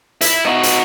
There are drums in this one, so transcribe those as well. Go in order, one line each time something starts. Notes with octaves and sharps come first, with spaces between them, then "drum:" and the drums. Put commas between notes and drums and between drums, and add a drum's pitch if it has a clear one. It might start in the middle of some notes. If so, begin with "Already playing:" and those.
E4, drum: hi-hat
D#4 F#4
drum: hi-hat